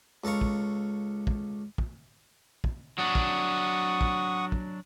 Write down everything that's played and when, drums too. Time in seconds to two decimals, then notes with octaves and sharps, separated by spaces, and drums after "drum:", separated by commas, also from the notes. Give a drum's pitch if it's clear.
0.24 C#2 A4 F5 A#5 C#6
0.41 drum: kick
1.27 drum: kick
1.78 drum: kick
2.64 drum: kick
2.98 F#3 D4 F#5 C#6 D#6
3.15 drum: kick
4.01 drum: kick
4.52 drum: kick